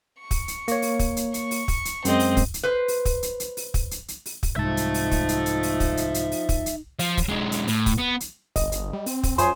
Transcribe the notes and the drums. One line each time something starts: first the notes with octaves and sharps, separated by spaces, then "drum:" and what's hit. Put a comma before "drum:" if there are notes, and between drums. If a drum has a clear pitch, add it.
C#6
drum: kick, open hi-hat
drum: hi-hat
A#3 C#5, drum: hi-hat
drum: open hi-hat
drum: kick, open hi-hat
drum: hi-hat
C#6, drum: hi-hat
drum: open hi-hat
drum: kick, open hi-hat
drum: hi-hat
F#2 G#3 C4 D#5, drum: hi-hat
drum: open hi-hat
drum: kick, open hi-hat
drum: hi-hat
B4 C5
drum: open hi-hat
drum: kick, open hi-hat
drum: hi-hat
drum: hi-hat
drum: open hi-hat
drum: kick, open hi-hat
drum: hi-hat
drum: hi-hat
drum: open hi-hat
drum: kick, open hi-hat
C2 G#2 F3 D#4 E5 A5
drum: hi-hat
drum: open hi-hat
drum: kick, open hi-hat
drum: hi-hat
drum: hi-hat
drum: open hi-hat
drum: kick, open hi-hat
drum: hi-hat
drum: hi-hat
drum: open hi-hat
drum: kick, open hi-hat
drum: hi-hat
F3, drum: open hi-hat
drum: kick, open hi-hat
B1 G#3
drum: hi-hat
A2, drum: open hi-hat
drum: kick, open hi-hat
B3
drum: hi-hat
G1 D#5, drum: kick, open hi-hat
drum: hi-hat
G3
C4, drum: open hi-hat
drum: kick, open hi-hat
F#2 F4 G#4 C5 C#5, drum: hi-hat